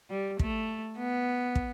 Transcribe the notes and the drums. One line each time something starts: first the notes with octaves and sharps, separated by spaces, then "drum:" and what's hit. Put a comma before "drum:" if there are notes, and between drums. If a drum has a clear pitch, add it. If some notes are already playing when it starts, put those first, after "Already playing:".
G3
A3, drum: kick
B3
drum: kick